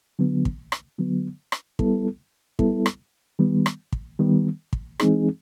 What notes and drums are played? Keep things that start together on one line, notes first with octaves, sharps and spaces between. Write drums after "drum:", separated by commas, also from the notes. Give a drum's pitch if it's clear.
D3 F#3 B3
drum: kick
drum: rim click
D3 F#3 B3
drum: rim click
G3 B3 E4 A4, drum: kick
G3 B3 E4 A4, drum: kick
drum: rim click
D#3 G3 B3
drum: rim click
drum: kick
D#3 G3 B3
drum: kick
E3 G#3 C4 D#4 G#4, drum: rim click